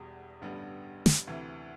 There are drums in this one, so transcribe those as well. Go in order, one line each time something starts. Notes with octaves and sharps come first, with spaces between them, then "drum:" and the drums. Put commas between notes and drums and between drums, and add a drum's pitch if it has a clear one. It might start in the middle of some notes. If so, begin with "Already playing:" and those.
Already playing: E1 E2 B2 G3
A1 G2 D3 G3 B3
drum: snare
D2 C3 E3